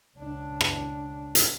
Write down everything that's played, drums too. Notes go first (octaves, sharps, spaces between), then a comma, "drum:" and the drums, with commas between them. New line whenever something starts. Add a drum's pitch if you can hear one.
C#2 D4
drum: rim click
drum: hi-hat